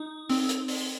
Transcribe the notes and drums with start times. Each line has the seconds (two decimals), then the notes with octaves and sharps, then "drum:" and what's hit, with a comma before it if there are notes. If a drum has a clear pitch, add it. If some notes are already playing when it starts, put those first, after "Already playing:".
Already playing: D#4
0.29 C4, drum: open hi-hat
0.49 drum: hi-hat
0.68 drum: open hi-hat